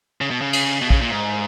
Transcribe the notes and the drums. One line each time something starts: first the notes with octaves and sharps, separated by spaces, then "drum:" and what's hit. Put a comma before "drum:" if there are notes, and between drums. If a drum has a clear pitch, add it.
C#3
B2
C#3
drum: cymbal
B2
C#3, drum: kick
A#2
G#2